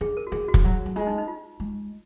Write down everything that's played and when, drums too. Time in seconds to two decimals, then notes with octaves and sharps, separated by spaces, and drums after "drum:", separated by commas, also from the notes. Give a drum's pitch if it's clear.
0.01 D3 G#4
0.17 A#4
0.27 F#4
0.32 F3 G#4
0.48 F#4
0.54 F3, drum: kick
0.64 F#3
0.86 F#3
0.96 G#3 F4
1.07 D#4
1.18 D#4
1.28 F4
1.60 G#3